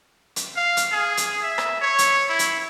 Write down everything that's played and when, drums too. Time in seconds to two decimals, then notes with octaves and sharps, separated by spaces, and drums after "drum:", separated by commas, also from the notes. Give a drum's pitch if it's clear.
0.36 drum: hi-hat
0.56 F5
0.77 drum: hi-hat
0.92 G#4
1.17 drum: hi-hat
1.42 E5
1.58 drum: rim click
1.81 C#5
1.98 drum: hi-hat
2.29 E4
2.39 drum: hi-hat